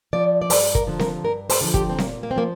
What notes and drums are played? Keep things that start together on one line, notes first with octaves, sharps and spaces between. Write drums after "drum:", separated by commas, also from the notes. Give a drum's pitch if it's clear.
F3 D5
D5
G2 C5, drum: open hi-hat
A#4, drum: kick
D3 F3
A#4, drum: snare C4
G2 A#4
C5, drum: open hi-hat
D3 F3
G4, drum: kick
C4
A#2 A#3, drum: snare C4
A#3
C4
F3 A#3